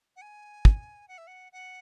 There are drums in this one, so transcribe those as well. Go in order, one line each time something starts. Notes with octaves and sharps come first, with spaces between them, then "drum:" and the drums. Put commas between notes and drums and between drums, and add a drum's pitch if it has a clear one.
F#5
G#5
drum: kick
F#5
E5
F#5
F#5